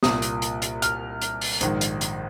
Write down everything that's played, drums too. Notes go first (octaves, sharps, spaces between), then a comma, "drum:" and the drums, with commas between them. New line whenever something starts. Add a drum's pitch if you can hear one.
C2 A#2 D#6, drum: snare
drum: hi-hat
drum: hi-hat
drum: hi-hat
F6, drum: hi-hat
drum: hi-hat
drum: open hi-hat
A#1 G#2 D#3, drum: hi-hat
drum: hi-hat
drum: hi-hat